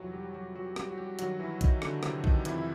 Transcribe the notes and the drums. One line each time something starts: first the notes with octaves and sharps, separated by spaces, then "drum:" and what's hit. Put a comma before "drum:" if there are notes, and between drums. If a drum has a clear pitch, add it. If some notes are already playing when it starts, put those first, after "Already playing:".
Already playing: F2 C3 E3 F#3 F#4
G3 G4
F#3 F#4
F#3 F#4
G3 G4, drum: rim click
F#4
G3 G4
G2 D#3 F#3 F#4, drum: hi-hat
E3 E4
D#3 D#4, drum: kick, hi-hat
D3 D4, drum: rim click
C3 C4, drum: rim click
D#3 D#4, drum: kick
F2 C3 D#3 E3 E4, drum: hi-hat
E4